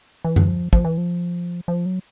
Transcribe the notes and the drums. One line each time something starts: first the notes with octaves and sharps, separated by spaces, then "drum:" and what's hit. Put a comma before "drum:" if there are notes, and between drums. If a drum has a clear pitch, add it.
E3
drum: tom F#2
F3
F3, drum: kick
E3
F3
F3
F#3